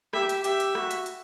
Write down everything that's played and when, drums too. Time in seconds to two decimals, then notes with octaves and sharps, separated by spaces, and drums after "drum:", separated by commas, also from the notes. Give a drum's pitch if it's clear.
0.13 G4 E5, drum: rim click
0.29 drum: hi-hat
0.44 G4 E5, drum: hi-hat
0.60 drum: hi-hat
0.75 F#4, drum: rim click
0.91 drum: hi-hat
1.06 drum: hi-hat